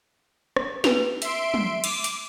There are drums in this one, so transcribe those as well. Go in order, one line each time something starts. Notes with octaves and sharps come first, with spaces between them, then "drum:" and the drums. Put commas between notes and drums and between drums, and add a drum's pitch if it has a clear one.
drum: rim click
B4 F7, drum: snare
E5 C6 D7, drum: hi-hat
drum: tom
D6, drum: cymbal
drum: hi-hat